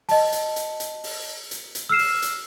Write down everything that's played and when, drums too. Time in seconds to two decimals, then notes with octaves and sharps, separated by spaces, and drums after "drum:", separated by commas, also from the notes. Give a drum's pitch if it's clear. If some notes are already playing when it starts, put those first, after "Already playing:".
0.09 D#5 A5, drum: open hi-hat
0.32 drum: hi-hat
0.56 drum: hi-hat
0.80 drum: hi-hat
1.04 drum: open hi-hat
1.51 drum: hi-hat
1.75 drum: hi-hat
1.89 E6 F6 C7 E7
1.99 drum: open hi-hat
2.22 drum: hi-hat